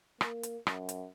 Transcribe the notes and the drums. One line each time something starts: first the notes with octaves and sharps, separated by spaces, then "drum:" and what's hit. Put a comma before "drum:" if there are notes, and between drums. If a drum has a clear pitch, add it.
A#3, drum: rim click
drum: hi-hat
F#2, drum: rim click
drum: hi-hat